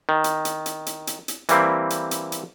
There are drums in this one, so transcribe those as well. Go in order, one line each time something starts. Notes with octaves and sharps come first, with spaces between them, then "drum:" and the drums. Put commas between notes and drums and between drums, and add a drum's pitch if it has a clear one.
D#3
drum: hi-hat
drum: hi-hat
drum: hi-hat
drum: hi-hat
drum: hi-hat
drum: hi-hat
E3 G3 A#3 C4, drum: hi-hat
drum: hi-hat
drum: hi-hat
drum: hi-hat